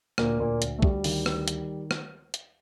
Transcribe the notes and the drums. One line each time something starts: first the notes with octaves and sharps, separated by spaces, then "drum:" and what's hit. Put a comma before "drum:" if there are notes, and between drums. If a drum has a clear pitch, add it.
D2 A#2 A#3, drum: rim click
A#2 A#3
D2, drum: hi-hat
A3
G3, drum: kick
D#3, drum: open hi-hat
drum: rim click
drum: hi-hat
drum: rim click
drum: hi-hat